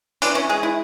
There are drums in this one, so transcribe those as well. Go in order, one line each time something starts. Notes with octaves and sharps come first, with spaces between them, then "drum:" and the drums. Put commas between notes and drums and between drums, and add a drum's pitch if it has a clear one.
E3 D4, drum: hi-hat
C#4
G#3 G#4
E4